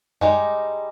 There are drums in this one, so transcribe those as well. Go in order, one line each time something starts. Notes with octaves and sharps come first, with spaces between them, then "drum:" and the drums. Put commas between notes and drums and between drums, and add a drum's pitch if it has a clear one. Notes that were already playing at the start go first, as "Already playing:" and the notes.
G3 G#3 D#4, drum: tom F#2